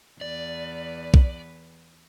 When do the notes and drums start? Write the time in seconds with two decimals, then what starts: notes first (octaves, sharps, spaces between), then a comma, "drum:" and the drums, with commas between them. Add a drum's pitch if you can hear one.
0.21 E2 B4 D5
1.14 drum: kick